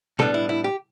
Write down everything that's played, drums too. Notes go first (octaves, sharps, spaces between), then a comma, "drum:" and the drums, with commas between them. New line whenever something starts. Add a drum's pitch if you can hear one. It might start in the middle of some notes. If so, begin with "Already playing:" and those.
A2 G3 B3 D4 A4, drum: tom
E4
E4
G4